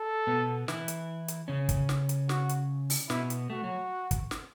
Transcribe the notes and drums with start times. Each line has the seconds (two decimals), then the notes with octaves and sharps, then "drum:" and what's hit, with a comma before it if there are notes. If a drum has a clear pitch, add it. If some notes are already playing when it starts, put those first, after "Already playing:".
Already playing: A4
0.27 B2 B3
0.68 E3 E4, drum: snare
0.88 drum: hi-hat
1.28 drum: hi-hat
1.48 C#3 C#4
1.69 drum: kick, hi-hat
1.89 drum: snare
2.09 drum: hi-hat
2.29 F#4, drum: snare
2.49 drum: hi-hat
2.90 drum: open hi-hat
3.10 B2 B3 E4, drum: snare
3.30 drum: hi-hat
3.50 A3 F#4
3.64 F#3
4.11 drum: kick, hi-hat
4.31 drum: snare